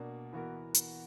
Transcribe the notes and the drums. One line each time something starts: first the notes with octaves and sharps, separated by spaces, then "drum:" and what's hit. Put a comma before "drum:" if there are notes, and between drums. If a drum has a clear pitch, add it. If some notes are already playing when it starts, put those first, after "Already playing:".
Already playing: B2 A#3 D4
E3 B3 F#4 A#4
drum: hi-hat